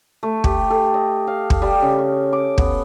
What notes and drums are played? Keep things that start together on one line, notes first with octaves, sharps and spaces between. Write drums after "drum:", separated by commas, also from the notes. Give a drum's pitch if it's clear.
A3
G4, drum: kick
A4
D#5
F5
drum: kick
G3
C#3
C#6
D6
B3, drum: kick